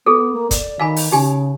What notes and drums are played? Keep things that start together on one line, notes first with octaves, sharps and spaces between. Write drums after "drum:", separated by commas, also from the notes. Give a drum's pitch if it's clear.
B3 G#4 A4
A#3
D5, drum: kick F#1, hi-hat
D#3 F5 G#5 B5
drum: open hi-hat
C#3 D#4 G4 G#5